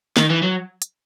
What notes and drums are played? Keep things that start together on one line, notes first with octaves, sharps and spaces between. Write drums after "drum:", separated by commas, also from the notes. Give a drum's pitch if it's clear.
D#3, drum: snare
E3
F#3
drum: hi-hat